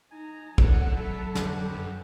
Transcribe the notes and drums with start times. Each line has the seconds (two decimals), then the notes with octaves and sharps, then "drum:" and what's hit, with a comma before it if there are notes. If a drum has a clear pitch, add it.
0.11 D#4 G#5 A#5
0.58 F#3 A4 D5 F#5, drum: kick
0.96 F#3 A4 E5 F#5 B5
1.35 F1 D3 B3 G4 B4, drum: snare
1.70 F#2